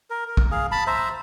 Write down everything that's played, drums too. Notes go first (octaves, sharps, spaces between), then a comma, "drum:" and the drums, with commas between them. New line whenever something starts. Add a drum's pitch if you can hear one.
A#4
A#4
drum: kick
G#4 F5
A5 B5
C5 E5 A#5